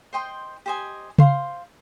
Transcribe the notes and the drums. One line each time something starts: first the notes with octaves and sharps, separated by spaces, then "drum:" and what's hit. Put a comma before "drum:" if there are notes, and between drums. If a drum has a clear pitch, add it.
C5 D#5 G5 C6
G4 C5 D#5 G#5
C5 F5 C6, drum: tom C#3